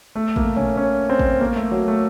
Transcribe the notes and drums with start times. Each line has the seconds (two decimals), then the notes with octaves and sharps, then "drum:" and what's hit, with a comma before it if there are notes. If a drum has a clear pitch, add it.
0.15 A3
0.36 A#3, drum: kick A1
0.56 C#4, drum: tom
0.77 C#4
1.10 C4
1.19 drum: kick A1
1.41 A#3
1.55 A3
1.71 F#3
1.88 A3